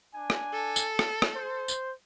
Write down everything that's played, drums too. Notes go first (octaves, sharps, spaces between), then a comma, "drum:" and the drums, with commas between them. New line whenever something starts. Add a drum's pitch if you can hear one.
D4 G#5
drum: rim click
A4
drum: tambourine
drum: rim click
drum: rim click
C5
drum: tambourine